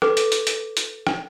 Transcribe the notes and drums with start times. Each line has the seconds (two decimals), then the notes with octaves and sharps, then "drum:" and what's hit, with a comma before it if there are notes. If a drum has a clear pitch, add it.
0.02 A4 B4 D6, drum: rim click
0.17 drum: hi-hat
0.32 drum: hi-hat
0.47 drum: hi-hat
0.77 drum: hi-hat
1.07 drum: rim click